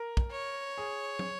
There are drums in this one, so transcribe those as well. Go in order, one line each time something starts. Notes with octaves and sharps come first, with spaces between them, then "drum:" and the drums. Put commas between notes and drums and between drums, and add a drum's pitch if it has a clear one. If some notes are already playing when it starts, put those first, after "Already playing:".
Already playing: A#4
drum: kick
C#5
G#4
drum: tom